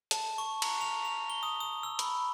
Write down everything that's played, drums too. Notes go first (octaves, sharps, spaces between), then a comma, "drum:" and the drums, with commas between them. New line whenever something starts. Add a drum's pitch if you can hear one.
A5, drum: hi-hat
C#6
A#5, drum: cymbal
F7
F7
G7
D#6
D#6
E6
B5, drum: hi-hat